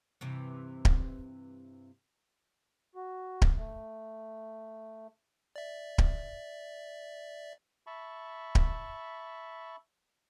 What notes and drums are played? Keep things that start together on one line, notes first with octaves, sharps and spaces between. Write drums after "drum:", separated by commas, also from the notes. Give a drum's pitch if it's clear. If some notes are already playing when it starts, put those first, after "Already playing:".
G2 C3 E3
drum: kick D1
F#4
drum: kick D1
A3
D5 E5
drum: kick D1
E5 A5 B5 C#6
drum: kick D1